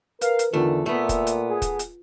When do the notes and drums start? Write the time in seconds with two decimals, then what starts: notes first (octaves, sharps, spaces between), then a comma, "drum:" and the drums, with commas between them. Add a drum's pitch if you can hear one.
0.21 A#4 B4 F5, drum: hi-hat
0.39 drum: hi-hat
0.53 E2 D3 D#3 A3 F4
0.86 A#2 A3 B3 E5
1.09 drum: kick, hi-hat
1.27 drum: hi-hat
1.49 G#4
1.62 drum: kick, hi-hat
1.79 drum: hi-hat